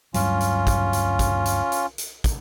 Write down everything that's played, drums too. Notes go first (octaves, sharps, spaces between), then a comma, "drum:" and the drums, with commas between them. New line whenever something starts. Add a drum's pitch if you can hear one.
D2 G2 F#3 C#4 F4, drum: hi-hat
drum: hi-hat
drum: kick, hi-hat
drum: hi-hat
drum: kick, hi-hat
drum: hi-hat
drum: hi-hat
drum: hi-hat
drum: kick, hi-hat